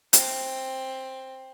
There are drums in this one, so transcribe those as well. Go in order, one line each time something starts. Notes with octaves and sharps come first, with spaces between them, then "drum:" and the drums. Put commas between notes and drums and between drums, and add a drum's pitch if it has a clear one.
C4, drum: hi-hat